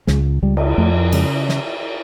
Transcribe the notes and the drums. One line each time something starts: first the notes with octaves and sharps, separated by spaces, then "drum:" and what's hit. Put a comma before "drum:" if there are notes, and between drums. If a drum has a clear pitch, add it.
C#2 G#3, drum: snare
C#2 G3
drum: cymbal
F2 A3
C#3 G#3, drum: cymbal
drum: snare